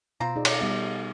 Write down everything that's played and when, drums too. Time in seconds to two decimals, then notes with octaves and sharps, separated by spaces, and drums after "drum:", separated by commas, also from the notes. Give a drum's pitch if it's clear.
0.20 B2 C4 F4 A#5
0.36 D#4 G#4 D5
0.45 drum: cymbal
0.61 G3 B3